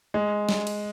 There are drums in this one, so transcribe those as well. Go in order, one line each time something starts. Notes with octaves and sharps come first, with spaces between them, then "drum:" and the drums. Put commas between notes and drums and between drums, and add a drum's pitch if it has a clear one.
G#3
drum: snare
drum: cymbal